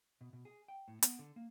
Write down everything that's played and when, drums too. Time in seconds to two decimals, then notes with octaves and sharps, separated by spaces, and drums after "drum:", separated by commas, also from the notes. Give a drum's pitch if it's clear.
0.21 B2
0.33 B2
0.45 G#4
0.68 G5
0.88 A2
1.02 B3, drum: hi-hat
1.19 D3
1.36 A#3